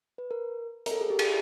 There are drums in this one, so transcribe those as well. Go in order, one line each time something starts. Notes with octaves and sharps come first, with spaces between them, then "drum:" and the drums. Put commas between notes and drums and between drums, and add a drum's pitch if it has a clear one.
B4
A#4
A#4, drum: hi-hat
A4
G#4
G4
G#4, drum: cymbal